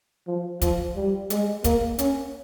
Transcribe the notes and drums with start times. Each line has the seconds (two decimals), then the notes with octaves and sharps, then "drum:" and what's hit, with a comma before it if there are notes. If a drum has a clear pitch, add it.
0.27 F3
0.61 F3, drum: kick, hi-hat
0.96 G3
1.30 G#3, drum: hi-hat
1.64 A#3, drum: kick, hi-hat
1.99 C#4, drum: hi-hat